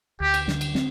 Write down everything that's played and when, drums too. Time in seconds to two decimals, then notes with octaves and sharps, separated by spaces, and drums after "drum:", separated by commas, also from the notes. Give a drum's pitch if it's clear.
0.20 D2 G4
0.34 drum: cymbal
0.48 D3, drum: snare
0.61 drum: cymbal
0.75 C4, drum: snare